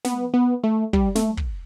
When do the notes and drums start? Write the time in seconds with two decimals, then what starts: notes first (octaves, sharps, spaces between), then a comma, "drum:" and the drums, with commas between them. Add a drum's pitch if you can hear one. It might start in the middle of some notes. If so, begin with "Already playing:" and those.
0.05 B3, drum: snare
0.34 B3
0.64 A3
0.93 G3, drum: kick
1.15 A3, drum: snare
1.37 drum: kick